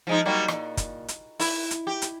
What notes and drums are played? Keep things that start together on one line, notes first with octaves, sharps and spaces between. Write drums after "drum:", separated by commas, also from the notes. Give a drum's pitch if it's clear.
F3 G#3 D#4
F#3 G3 A#3
E2 A#2, drum: rim click
drum: kick, hi-hat
drum: hi-hat
E4, drum: open hi-hat
drum: hi-hat
G4
drum: hi-hat